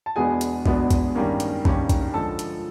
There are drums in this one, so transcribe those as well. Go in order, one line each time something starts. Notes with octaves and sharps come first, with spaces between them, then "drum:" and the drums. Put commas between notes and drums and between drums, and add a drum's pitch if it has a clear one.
A5
E2 B2 G#3 B3 D4 G#4 G#5
drum: hi-hat
E2 B2 G#3 B3 D4, drum: kick
drum: kick, hi-hat
G2 D#3 G3 A#3 C#4
drum: hi-hat
G2 D#3 G3 A#3 C#4, drum: kick
drum: kick, hi-hat
D3 F3 G#3 A4 A5
drum: hi-hat